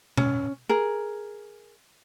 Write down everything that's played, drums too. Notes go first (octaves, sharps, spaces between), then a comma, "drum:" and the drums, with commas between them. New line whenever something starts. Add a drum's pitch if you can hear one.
C#4, drum: tom B2
G#4 A#4